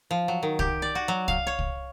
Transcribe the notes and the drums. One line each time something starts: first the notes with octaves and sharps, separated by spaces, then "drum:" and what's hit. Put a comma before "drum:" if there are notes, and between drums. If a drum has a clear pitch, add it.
F3
F#3
D#3
G4, drum: kick C2
D5
F#4
F#3
F5, drum: kick C2
C#5
drum: kick C2